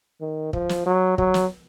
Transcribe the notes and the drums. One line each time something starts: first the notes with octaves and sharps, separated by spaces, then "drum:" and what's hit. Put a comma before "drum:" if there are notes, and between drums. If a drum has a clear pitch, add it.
D#3
F3, drum: kick
drum: snare
F#3
F#3, drum: kick
drum: snare